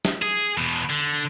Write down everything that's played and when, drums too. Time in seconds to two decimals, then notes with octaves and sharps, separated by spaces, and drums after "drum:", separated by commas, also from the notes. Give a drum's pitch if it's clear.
0.05 drum: snare
0.22 G#4
0.57 E2 B2
0.90 D3